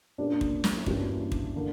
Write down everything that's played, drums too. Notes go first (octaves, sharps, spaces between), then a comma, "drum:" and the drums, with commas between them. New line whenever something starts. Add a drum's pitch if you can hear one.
A#2 A#3 C#4 D4 G4 A#4
drum: kick
drum: snare
E4
G2 E3 G3 A#3 C#4 F#4, drum: kick
drum: kick
D3 A#3